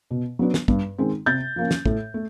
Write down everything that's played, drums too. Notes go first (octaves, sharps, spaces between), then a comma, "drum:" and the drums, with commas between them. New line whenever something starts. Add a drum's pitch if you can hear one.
B2
F#3 B3 D4
drum: snare
G2, drum: kick
D#3 G#3 C4
C3 G6 A6
F3 A#3 C#4
drum: snare
A2, drum: kick
A3